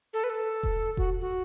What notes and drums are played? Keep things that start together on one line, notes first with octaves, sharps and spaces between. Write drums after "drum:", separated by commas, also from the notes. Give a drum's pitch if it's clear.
A4
B4
A4
drum: kick E1
F#4, drum: kick E1
F#4